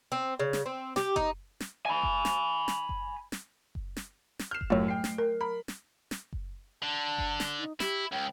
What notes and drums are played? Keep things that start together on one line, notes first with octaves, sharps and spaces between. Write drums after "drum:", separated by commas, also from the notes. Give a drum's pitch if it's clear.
C4
C#3
drum: snare
C4
G4, drum: snare
D#4, drum: kick F#1
drum: snare
G#5 B5
drum: kick F#1
drum: snare
drum: snare
drum: kick F#1
drum: snare
drum: kick F#1
drum: snare
drum: snare
F6 G6 C7 E7
drum: kick F#1
F#2 A2 F#3 A3 F4 C#5
G5 C7
drum: snare
A#4
A#4 A#5 B5
drum: snare
drum: snare
drum: kick F#1
D3 A5
drum: kick F#1
drum: snare
D#4
E4 G4, drum: snare
C#2 G5